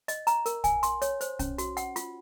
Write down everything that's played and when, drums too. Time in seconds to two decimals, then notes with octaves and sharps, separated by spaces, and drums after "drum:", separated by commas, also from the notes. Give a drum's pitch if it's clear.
0.08 D#5, drum: hi-hat
0.27 A#5, drum: hi-hat
0.46 A#4, drum: hi-hat
0.64 G#5, drum: kick, hi-hat
0.83 C6, drum: hi-hat
1.02 C#5, drum: hi-hat
1.21 C5, drum: hi-hat
1.39 C#4, drum: kick, hi-hat
1.58 F#4, drum: hi-hat
1.77 F#5, drum: hi-hat
1.96 F4, drum: hi-hat